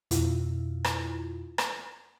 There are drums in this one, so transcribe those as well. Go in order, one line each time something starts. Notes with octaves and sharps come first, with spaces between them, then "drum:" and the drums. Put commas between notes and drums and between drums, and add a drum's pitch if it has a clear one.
F2 B2 E4 F4, drum: hi-hat
drum: rim click
drum: rim click